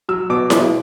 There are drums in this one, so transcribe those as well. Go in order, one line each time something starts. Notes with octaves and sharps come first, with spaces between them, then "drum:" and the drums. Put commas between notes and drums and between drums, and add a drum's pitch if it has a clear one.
F#3 E6
B2 D6
B2, drum: snare E4